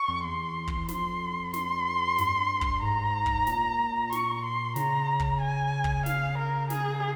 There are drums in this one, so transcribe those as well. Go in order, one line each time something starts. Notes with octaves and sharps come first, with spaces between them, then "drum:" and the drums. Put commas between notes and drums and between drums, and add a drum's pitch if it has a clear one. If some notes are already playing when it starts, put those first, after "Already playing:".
Already playing: C#6
F2
E2 C6
drum: kick
E2
F2 C6, drum: snare
C6, drum: snare
G2, drum: snare
drum: kick
G#2 A#5
drum: kick
A#2, drum: snare
C#6, drum: snare
C6
C#3 A#5, drum: snare
drum: kick
G#5
drum: kick
F5, drum: snare
A#4
G#4, drum: snare